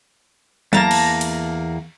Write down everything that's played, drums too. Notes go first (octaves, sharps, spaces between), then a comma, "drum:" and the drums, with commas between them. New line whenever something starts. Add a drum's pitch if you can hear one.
E2 A#3 A5 A#5, drum: tom F#3
drum: cymbal
drum: cymbal